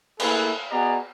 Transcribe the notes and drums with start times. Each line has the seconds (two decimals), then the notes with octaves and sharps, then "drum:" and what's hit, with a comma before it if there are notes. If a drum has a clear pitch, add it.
0.20 A3 A#3 E4 G#4 A4 B4, drum: cymbal
0.70 B3 F#4 G#4 D5 D#5 A#5